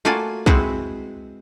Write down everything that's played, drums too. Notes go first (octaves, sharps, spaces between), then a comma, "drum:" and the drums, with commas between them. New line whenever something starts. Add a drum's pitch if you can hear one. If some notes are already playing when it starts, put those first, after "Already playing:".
A3 A#3 F4 F#4 D5 G#5
G#3 C4 E4 F#4 B4 F#5, drum: kick